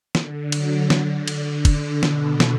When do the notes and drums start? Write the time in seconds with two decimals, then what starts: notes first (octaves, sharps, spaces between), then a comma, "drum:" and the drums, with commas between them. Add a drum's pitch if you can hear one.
0.15 D3, drum: snare
0.52 F#3, drum: cymbal
0.90 D3, drum: snare
1.28 drum: cymbal
1.65 D3, drum: kick, cymbal
2.03 B2, drum: snare
2.40 drum: snare